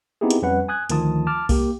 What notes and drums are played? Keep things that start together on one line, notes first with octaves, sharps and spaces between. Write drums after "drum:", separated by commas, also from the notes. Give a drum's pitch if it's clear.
B3 C4 D#4 E4 G4 G#4
drum: hi-hat
F2 G3 C#4 B4 F#5
G#5 D#6 F#6 G#6
D2 D#3 F3 F4 A5 D#6, drum: hi-hat
A5 D6 F6
A#3 G4, drum: kick C2, open hi-hat